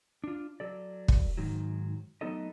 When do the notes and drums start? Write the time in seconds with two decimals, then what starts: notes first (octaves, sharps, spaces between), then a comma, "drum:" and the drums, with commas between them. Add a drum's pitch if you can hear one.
0.24 D4 F4
0.60 F#3 A4 D5
1.08 drum: kick
1.37 G#2 D#3 F#3
2.21 F#3 A3 B3 D#4 A4 D#5